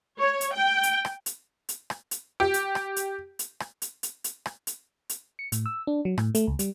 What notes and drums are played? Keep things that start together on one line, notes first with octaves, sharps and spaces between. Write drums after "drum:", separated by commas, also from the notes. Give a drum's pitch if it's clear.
C#5
drum: hi-hat
G5
drum: hi-hat
drum: rim click
drum: hi-hat
drum: hi-hat
drum: rim click
drum: hi-hat
G4
drum: hi-hat
drum: rim click
drum: hi-hat
drum: hi-hat
drum: rim click
drum: hi-hat
drum: hi-hat
drum: hi-hat
drum: rim click
drum: hi-hat
drum: hi-hat
C#7
A2, drum: hi-hat
E6
D4
F#3
A2, drum: rim click
A3, drum: hi-hat
C#2
G3, drum: hi-hat